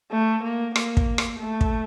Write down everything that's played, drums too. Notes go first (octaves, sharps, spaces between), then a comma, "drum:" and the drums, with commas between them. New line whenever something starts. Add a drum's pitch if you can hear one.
A3
A#3
A#3, drum: rim click
drum: kick
drum: rim click
A3
drum: kick